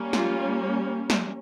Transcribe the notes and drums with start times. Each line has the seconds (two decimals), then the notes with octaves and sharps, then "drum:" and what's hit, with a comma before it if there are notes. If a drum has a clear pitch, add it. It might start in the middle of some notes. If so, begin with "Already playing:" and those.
Already playing: G3 A#3 C#4
0.13 F4, drum: snare
1.10 drum: snare